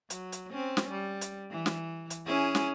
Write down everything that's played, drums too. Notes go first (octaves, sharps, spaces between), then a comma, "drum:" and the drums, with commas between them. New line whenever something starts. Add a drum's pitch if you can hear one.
F#3, drum: hi-hat
drum: hi-hat
C4 C#4
drum: snare
G3
drum: hi-hat
E3
drum: snare
drum: hi-hat
C#4 E4 G#4
drum: snare